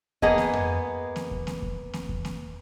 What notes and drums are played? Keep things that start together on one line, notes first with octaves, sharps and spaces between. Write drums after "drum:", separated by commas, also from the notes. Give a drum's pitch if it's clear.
A#3 B3 G#4 D#5, drum: kick E2
drum: snare A#3
drum: tom F2
drum: snare A#3
drum: kick E2
drum: snare A#3
drum: kick E2
drum: snare A#3
drum: kick E2
drum: snare A#3